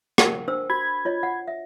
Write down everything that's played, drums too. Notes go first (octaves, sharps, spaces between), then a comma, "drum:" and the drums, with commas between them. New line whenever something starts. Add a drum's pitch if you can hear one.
A#4 F#5 G5, drum: rim click
D4 C5 E6
F#4 B5 G#6
F4 C#5 D#5
F#5
E5